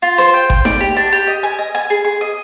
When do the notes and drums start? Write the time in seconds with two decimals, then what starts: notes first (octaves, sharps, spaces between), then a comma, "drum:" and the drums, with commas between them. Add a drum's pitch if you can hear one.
0.02 F4
0.18 C5, drum: hi-hat
0.34 G5
0.50 G5, drum: kick G#1
0.65 D5, drum: snare D#4
0.80 G4
0.97 D4
1.12 G4
1.27 D#5
1.43 G#5
1.59 D#5
1.75 G#5
1.90 G#4
2.05 G#4
2.21 D#5